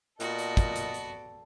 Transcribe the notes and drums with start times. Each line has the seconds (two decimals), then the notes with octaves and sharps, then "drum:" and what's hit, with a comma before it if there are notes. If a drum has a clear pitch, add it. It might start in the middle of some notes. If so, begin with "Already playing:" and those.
0.20 A#2 B3 F#4 A4 D5 D#5, drum: hi-hat
0.39 drum: hi-hat
0.57 drum: kick, hi-hat
0.76 drum: hi-hat
0.94 drum: hi-hat